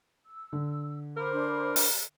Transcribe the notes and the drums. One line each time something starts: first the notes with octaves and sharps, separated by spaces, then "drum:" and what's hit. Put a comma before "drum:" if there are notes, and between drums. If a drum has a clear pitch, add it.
E6
D3
A#4 C5 B5 D6
D4
drum: open hi-hat